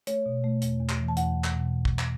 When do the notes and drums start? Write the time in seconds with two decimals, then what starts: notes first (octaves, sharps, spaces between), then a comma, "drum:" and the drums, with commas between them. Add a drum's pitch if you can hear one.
0.07 A3 C#5, drum: hi-hat
0.26 B2
0.44 A3
0.62 E2, drum: hi-hat
0.80 E2
0.89 drum: clap
0.99 E3
1.08 A5
1.17 E2 F#5, drum: hi-hat
1.34 E2
1.44 drum: clap
1.54 B2
1.85 drum: kick
1.99 drum: clap